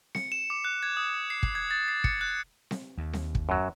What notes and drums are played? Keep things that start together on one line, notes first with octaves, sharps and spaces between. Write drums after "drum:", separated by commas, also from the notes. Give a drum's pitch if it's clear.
C#7, drum: snare C4
E7
D6
F#6
G#6
D#6
C7
drum: kick
G#6
A6
C7
C#7, drum: kick
F#6
drum: snare C4
D#2
drum: snare C4
drum: kick
F#2 F#3